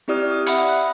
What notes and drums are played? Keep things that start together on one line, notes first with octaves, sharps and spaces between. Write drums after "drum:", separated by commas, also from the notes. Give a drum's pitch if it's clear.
C4 E4 G4 D5 D#6 F6
D#6
E5 F#5 B5 C#7, drum: hi-hat
F#6